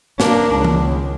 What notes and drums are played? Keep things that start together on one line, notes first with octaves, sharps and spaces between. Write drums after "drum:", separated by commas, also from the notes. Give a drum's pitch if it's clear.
A#3 D4, drum: snare
C#2
drum: tom E3